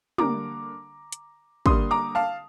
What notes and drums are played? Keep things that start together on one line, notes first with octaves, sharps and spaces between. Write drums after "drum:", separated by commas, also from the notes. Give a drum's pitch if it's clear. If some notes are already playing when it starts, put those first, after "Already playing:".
D3 G3 A#3 A#5 D6, drum: tom
drum: hi-hat
D3 G3 A#3 C6 D#6, drum: kick
A#5 D6
F5 A5